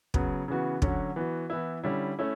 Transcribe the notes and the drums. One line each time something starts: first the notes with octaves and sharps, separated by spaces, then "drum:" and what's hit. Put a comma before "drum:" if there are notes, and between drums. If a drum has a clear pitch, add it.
C#3 F#3 B3, drum: kick
C#3 E3 B3 F#4
D3 F#3 C#4 F#4, drum: kick
E3 B3 F#4
E3 B3 E4
D3 G3 C#4 E4
A3 C#4 E4